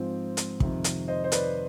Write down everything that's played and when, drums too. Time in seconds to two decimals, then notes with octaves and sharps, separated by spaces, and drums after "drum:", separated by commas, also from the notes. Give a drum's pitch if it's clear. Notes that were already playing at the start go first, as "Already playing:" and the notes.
Already playing: G#2 F3 C4
0.37 drum: hi-hat
0.60 F2 C3 D#3, drum: kick
0.84 drum: hi-hat
1.08 C5 D#5
1.24 C5
1.32 B4 D5, drum: hi-hat